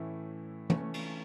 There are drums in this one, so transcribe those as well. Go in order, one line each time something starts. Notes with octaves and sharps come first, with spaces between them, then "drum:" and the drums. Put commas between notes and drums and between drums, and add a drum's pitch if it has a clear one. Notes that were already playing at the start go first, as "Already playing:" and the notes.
Already playing: A2 E3 A3 C#4 E4
E3 A3 C#4, drum: tom
drum: cymbal